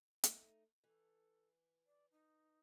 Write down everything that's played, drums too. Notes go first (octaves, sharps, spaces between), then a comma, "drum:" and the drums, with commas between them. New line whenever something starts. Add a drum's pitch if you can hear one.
A3 D#4, drum: hi-hat
E3 A4
D5
D#4